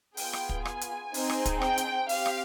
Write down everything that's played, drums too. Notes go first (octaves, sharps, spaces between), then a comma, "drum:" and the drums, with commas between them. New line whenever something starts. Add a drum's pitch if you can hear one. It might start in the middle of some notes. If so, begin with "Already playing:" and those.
B3 F4 G#4 G5, drum: open hi-hat
drum: rim click
drum: kick
G#5, drum: rim click
drum: hi-hat
C4 D#4 G#4, drum: open hi-hat
drum: rim click
drum: kick, hi-hat
G5, drum: rim click
drum: hi-hat
C4 G4 F5, drum: open hi-hat
drum: rim click